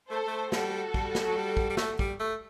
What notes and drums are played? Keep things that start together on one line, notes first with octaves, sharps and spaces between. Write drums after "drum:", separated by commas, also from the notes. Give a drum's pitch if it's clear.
A3 A4 C5
A3
G3 F#4 A4, drum: snare
G3, drum: kick
drum: snare
F#3
G3
drum: kick
G3
A3, drum: snare
G3, drum: kick
A3